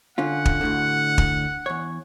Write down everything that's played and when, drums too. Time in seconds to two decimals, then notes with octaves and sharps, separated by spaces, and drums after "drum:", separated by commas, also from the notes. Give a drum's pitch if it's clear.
0.18 D3 C#4 F4 F#5
0.45 drum: kick
0.61 D2 A2 D3
1.18 drum: kick
1.66 E2 C#5